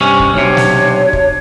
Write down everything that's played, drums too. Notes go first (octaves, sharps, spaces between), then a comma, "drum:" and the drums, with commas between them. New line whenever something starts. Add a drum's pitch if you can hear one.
G2 C3 C#4
drum: kick
B1 C3 D4 C#5
drum: snare
drum: kick